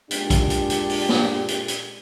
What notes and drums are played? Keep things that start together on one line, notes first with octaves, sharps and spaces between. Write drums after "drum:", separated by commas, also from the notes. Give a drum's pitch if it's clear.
A#2 G#3 D4 G4, drum: hi-hat
drum: kick A#1, hi-hat
drum: hi-hat
drum: hi-hat
drum: open hi-hat
drum: snare
drum: hi-hat
drum: hi-hat